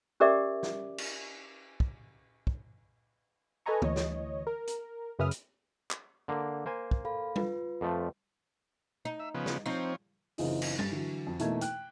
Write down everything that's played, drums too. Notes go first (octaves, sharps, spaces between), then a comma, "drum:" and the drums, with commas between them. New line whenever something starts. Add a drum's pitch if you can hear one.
C#4 G4 A#4 D5 E5 D6
drum: snare
drum: cymbal
drum: kick
drum: kick
A4 B4 D#5 G#5 A#5 C#6
D2 E3 C#5 D#5, drum: tom
drum: snare
A#4
drum: hi-hat
F#2 C#3 B4 E5 D#6 F6
drum: hi-hat
drum: clap
D3 A#3
A#3 C5 G#5
drum: kick
A4 F5 B5
F4 B4, drum: tom
F2 F3 A3
D#4
E5
C#3 F3 B3
drum: snare
F3 C4 D#4 C#5
F#1 E3 C4 D#4 F4 G#4, drum: open hi-hat
drum: cymbal
G2 A6, drum: tom
D3 E3 F#3
F2
B2 E3 A3 A#3 D#4 G#6, drum: hi-hat
G5 F#6, drum: hi-hat